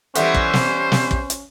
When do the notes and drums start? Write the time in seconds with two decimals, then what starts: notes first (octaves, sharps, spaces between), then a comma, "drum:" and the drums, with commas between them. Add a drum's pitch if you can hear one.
0.15 E3 G3 B3 C#4 A4 C5 E5, drum: hi-hat
0.34 drum: kick
0.53 drum: snare
0.92 drum: snare
1.11 drum: kick
1.30 drum: hi-hat